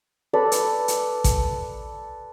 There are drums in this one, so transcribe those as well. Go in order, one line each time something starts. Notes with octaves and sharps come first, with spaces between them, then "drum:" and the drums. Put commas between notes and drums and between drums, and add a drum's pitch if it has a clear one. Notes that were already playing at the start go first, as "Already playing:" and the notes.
A4 B4 D5 B5
drum: hi-hat
drum: hi-hat
drum: kick A1, hi-hat